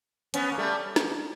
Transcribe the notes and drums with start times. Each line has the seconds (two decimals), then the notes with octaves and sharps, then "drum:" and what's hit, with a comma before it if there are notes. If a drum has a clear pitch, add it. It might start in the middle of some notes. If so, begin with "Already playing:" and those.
0.34 B3 C#4, drum: hi-hat
0.52 A#3
0.58 G3 A3
0.96 drum: snare